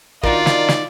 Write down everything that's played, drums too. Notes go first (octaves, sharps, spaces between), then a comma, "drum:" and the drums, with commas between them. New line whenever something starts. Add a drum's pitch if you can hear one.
D#3 D4 D#4 F4 F#4 A#4 D5, drum: kick
drum: snare
drum: snare